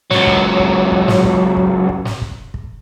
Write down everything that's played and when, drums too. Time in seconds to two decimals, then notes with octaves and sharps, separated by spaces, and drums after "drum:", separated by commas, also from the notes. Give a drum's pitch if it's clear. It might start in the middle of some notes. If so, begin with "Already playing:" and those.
0.11 C#2 F#3, drum: snare
0.27 drum: kick
0.59 drum: kick
0.92 drum: kick
1.08 drum: snare
1.24 drum: kick
1.57 drum: kick
1.89 drum: kick
2.05 drum: snare
2.22 drum: kick
2.54 drum: kick